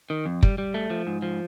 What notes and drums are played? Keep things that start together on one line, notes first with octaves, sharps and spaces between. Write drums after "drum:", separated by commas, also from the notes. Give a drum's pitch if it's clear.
D#3
F2
G3, drum: kick
G3
A3
F3
G#2
F3